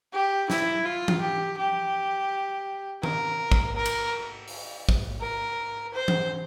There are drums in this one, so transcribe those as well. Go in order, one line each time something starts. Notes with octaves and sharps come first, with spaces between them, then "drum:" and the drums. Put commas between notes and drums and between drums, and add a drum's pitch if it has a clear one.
G4
E4, drum: snare
F4
drum: tom E3
G4
G4
A#4, drum: tom D#3
drum: kick
A#4
drum: cymbal
drum: open hi-hat
drum: kick
A#4
C5
drum: tom E3